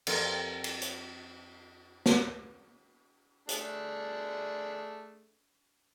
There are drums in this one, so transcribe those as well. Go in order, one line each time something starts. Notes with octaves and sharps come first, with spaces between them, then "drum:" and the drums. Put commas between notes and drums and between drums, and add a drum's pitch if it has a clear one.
F2 C4 G4 A4 A#4 E5, drum: cymbal
drum: cymbal
drum: hi-hat
drum: snare
A3 D4 G#4, drum: hi-hat